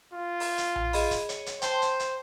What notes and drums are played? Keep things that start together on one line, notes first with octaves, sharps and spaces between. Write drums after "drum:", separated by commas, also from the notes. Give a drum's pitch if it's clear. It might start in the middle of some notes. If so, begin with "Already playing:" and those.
F4
drum: open hi-hat
drum: hi-hat
drum: tom A#1
G#4 D#5 B5, drum: open hi-hat
drum: kick, hi-hat
C#5, drum: hi-hat
drum: hi-hat
C5 G5 A5 C6, drum: hi-hat
drum: hi-hat
drum: hi-hat